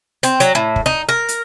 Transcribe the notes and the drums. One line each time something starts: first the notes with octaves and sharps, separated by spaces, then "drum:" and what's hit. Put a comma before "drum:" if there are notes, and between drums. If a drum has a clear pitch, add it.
C4, drum: hi-hat
F#3, drum: hi-hat
A2
drum: kick
D#4
A#4
drum: hi-hat